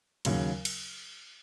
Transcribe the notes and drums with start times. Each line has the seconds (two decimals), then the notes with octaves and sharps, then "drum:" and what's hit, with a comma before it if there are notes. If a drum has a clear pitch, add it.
0.25 D#2 C#3 F#3, drum: cymbal
0.65 drum: cymbal